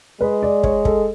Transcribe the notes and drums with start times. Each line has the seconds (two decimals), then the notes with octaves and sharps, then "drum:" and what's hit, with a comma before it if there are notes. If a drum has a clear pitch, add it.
0.21 G#3 B4
0.43 D5
0.64 C#5, drum: kick
0.85 A4, drum: kick